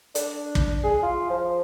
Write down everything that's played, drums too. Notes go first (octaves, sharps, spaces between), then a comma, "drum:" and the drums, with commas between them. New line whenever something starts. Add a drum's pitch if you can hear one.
D4, drum: hi-hat
drum: kick
G#4
F4
F3